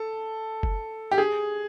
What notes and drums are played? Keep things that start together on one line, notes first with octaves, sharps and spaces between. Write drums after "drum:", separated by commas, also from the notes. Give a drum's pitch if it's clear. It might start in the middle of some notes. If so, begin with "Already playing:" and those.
Already playing: A4
drum: kick F#1
G4
G#4